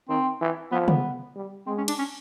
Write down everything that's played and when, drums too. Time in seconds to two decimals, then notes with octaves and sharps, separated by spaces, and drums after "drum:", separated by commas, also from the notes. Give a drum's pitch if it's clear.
0.09 D#3 C4
0.41 E3
0.72 F3 B3
0.88 B3, drum: tom
1.36 G3
1.67 G#3 C4
1.77 C#4
1.88 D4, drum: cymbal
1.99 C#4